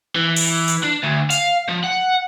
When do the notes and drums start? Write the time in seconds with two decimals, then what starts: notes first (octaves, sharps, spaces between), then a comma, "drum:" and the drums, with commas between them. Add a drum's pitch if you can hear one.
0.15 E3
0.36 drum: open hi-hat
0.68 drum: hi-hat
0.83 D4
1.03 D2
1.30 F5, drum: hi-hat
1.69 F3
1.84 F#5